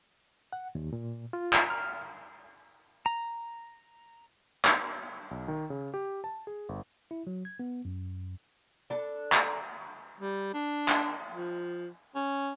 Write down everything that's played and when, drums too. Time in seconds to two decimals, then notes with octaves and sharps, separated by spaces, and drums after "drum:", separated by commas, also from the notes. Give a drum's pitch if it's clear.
0.53 F#5
0.75 D#2
0.93 A#2
1.33 F4
1.53 drum: clap
1.70 F6
3.06 A#5
4.65 drum: clap
5.31 B1
5.48 D#3
5.70 C#3
5.94 G4
6.24 A5
6.47 G#4
6.69 G1
7.11 E4
7.27 F#3
7.45 G#6
7.59 B3
7.85 F#2
8.90 D4 A4
9.32 drum: clap
10.21 G3
10.54 D4
10.88 drum: clap
11.31 F3
12.15 C#4